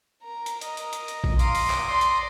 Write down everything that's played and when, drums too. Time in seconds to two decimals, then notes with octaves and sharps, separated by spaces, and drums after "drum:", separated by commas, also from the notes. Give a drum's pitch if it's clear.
0.24 A#4 A#5
0.46 drum: hi-hat
0.61 D#5, drum: hi-hat
0.77 drum: hi-hat
0.93 drum: hi-hat
1.08 drum: hi-hat
1.24 drum: kick A#1
1.39 F5 A#5 C6 D6 D#6, drum: hi-hat
1.55 drum: open hi-hat
1.70 drum: clap
1.88 D5 C6
2.01 drum: hi-hat